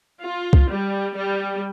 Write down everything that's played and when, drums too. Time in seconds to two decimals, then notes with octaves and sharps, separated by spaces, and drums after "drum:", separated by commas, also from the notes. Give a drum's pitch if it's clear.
0.22 F4
0.53 drum: kick C2
0.70 G3
1.16 G3